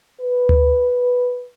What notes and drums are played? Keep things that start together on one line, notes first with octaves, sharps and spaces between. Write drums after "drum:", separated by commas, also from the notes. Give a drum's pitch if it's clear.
B4
drum: tom D2